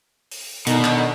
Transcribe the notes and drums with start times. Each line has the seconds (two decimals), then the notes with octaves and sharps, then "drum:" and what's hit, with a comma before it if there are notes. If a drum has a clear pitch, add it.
0.32 drum: open hi-hat
0.67 B2 D3 D#3 D#4, drum: hi-hat
0.84 drum: clap